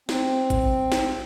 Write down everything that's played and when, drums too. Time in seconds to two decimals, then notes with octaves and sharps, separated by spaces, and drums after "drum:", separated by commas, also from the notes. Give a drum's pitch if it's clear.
0.09 C4, drum: snare
0.50 drum: kick, hi-hat
0.92 drum: snare